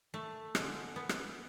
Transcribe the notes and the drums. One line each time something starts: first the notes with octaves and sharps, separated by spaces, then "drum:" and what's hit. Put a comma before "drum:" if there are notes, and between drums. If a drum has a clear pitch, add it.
A3
D3 G#3, drum: rim click
B3
drum: rim click